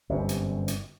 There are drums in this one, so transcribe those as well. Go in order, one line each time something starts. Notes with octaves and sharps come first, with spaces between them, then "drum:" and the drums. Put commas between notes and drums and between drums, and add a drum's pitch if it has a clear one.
G1 F#2 C3
drum: hi-hat
drum: hi-hat